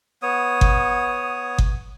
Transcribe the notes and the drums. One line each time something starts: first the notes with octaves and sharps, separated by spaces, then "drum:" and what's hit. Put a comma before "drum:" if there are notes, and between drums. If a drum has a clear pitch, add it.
B3 C#5 D#6
drum: kick G1
drum: kick G1